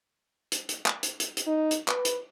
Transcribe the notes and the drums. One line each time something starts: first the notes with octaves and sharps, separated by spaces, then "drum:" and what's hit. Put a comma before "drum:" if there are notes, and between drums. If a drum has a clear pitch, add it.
drum: hi-hat
drum: hi-hat
drum: clap
drum: hi-hat
drum: hi-hat
drum: hi-hat
D#4
drum: hi-hat
B4, drum: clap
drum: hi-hat